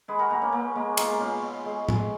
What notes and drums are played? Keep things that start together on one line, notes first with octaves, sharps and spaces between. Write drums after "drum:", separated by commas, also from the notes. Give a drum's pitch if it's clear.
G#3 G#4 B4
F#4 A#4
B2 F#4 A#4
A#3 C#4
B2 A#3
G#3 A#3
G#3 F4 G#4, drum: cymbal
B2 C#4 F4
B2
G#3
G#3, drum: tom A2